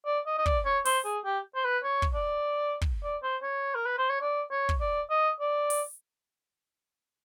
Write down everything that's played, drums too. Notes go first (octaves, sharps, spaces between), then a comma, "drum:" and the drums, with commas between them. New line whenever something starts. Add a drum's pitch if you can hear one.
D5
D#5
D#5
D5, drum: kick
C#5
C5, drum: open hi-hat
G#4
G4
C5
B4
C#5
drum: kick
D5
drum: kick
D5
C5
C#5
A#4
B4
C5
C#5
D5
C#5
drum: kick
D5
D#5
D5
drum: open hi-hat